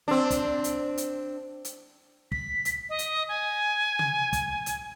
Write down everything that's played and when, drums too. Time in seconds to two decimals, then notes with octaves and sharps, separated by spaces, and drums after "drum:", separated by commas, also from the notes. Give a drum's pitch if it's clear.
0.08 C4 D4
0.30 drum: kick, hi-hat
0.64 drum: hi-hat
0.98 drum: hi-hat
1.65 drum: hi-hat
2.32 B6, drum: kick
2.65 drum: hi-hat
2.89 D#5
2.99 drum: hi-hat
3.29 G#5
3.99 drum: tom C3
4.33 drum: kick, hi-hat
4.66 drum: hi-hat